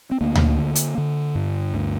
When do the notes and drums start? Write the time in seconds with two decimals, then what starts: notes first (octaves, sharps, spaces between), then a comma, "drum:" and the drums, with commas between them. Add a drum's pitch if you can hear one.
0.11 C4
0.21 D2 A#3
0.35 drum: tom D2
0.59 D3
0.75 drum: hi-hat
0.98 D3
1.35 G2
1.74 D2